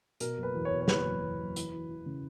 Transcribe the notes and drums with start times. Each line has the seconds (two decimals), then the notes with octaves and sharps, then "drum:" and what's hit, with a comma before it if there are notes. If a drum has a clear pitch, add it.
0.20 B2 A#4, drum: hi-hat
0.38 F#1
0.43 B4
0.55 E2
0.65 C#5
0.71 B2
0.81 C#5
0.88 F#1 B4, drum: snare
1.05 F#1
1.22 E2
1.38 F#1
1.56 E3, drum: hi-hat
1.72 E3
1.89 E3
2.06 C#3